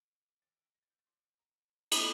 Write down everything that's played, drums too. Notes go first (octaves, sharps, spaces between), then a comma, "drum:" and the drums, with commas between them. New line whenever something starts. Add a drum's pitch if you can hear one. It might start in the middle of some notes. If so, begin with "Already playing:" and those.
Already playing: D3
C3 D#3 A6
D3 A#6
C3 A6
G6
A#2 A6
A2 C6
A#5
drum: cymbal